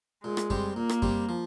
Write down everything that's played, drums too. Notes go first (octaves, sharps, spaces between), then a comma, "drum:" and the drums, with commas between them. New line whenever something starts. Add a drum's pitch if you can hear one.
A#2 G#3
drum: rim click
G3 C4 G4, drum: kick F#2
A#2 A#3
drum: rim click
G3 C4 G4, drum: kick F#2
F3